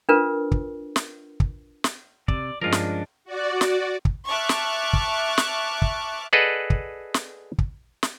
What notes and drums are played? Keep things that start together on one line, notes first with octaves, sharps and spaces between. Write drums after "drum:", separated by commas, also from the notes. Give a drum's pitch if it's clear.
D4 F4 A#4 B4
drum: kick
drum: snare
drum: kick
drum: snare
C3 D5, drum: kick
G2 F3 G#3 C#4 D4 F4 A#4
drum: snare
F#4 D5
drum: snare
drum: kick
E5 A5 C#6 D6 F6 F#6
drum: snare
drum: kick
drum: snare
drum: kick
G#4 A4 B4 D5 D#5 F#5
drum: kick
drum: snare
drum: kick
drum: snare